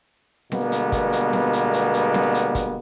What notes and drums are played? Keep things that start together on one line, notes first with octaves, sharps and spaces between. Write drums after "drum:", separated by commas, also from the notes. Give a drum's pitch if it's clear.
B2 D3 G3 G#3 A#3 B3, drum: snare C4
drum: hi-hat
drum: kick, hi-hat
drum: hi-hat
drum: snare C4
drum: hi-hat
drum: hi-hat
drum: hi-hat
drum: snare C4
drum: hi-hat
drum: kick, hi-hat